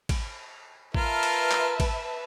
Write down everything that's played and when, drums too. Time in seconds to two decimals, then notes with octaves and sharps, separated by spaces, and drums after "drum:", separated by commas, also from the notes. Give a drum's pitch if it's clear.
0.09 drum: kick, cymbal
0.94 F4 A#4 B4 E5 A5, drum: kick
1.23 drum: cymbal
1.51 drum: clap
1.80 drum: kick, cymbal